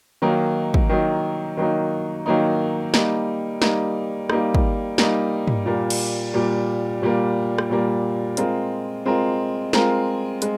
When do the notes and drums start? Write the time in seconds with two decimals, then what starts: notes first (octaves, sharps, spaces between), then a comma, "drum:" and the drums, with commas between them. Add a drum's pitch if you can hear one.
0.22 D#3 F#3 A#3 D#4
0.74 drum: kick
0.89 D#3 F#3 A#3 D#4
1.57 D#3 F#3 A#3 D#4
2.26 D#3 F#3 A#3 D#4
2.94 G3 A#3 D#4, drum: snare
3.62 G3 A#3 D#4, drum: snare
4.30 G3 A#3 D#4, drum: rim click
4.55 drum: kick
4.98 G3 A#3 D#4, drum: snare
5.47 drum: tom
5.66 A#2 G3 A#3
5.90 drum: cymbal
6.34 A#2 G3 A#3
7.02 A#2 G3 A#3
7.58 drum: rim click
7.70 A#2 G3 A#3
8.37 G#3 C4 F4 A#4, drum: hi-hat
9.06 G#3 C4 F4 A#4
9.73 G#3 C4 F4 A#4, drum: snare
10.42 G#3, drum: hi-hat